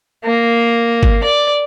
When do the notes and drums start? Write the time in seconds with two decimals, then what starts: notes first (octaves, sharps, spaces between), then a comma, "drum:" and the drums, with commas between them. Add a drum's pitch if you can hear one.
0.25 A#3
1.03 drum: kick G#1
1.24 D5